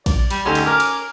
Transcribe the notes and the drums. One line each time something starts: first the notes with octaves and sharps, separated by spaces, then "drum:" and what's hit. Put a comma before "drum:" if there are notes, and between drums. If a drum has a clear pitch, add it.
D5, drum: kick, cymbal
G3, drum: cymbal
D2 C#4 D#4 G4 A4 C6
drum: cymbal
A#4 D6 F6
drum: cymbal